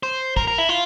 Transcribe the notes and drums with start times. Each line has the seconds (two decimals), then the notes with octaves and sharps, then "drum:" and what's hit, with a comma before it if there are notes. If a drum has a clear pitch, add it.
0.03 C5
0.37 A#4, drum: kick
0.48 A#4
0.58 E4
0.69 F4